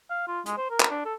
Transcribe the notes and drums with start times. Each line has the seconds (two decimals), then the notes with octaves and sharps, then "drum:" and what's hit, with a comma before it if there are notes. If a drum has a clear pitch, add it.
0.10 F5
0.28 F4
0.46 G#3, drum: hi-hat
0.58 C5
0.70 A#4
0.80 drum: clap
0.91 D4
1.05 A4